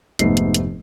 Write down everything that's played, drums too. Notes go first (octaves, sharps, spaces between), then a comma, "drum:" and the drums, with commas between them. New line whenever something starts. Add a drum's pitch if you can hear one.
F1 G#2 A3 B3 C7, drum: hi-hat
drum: hi-hat
drum: hi-hat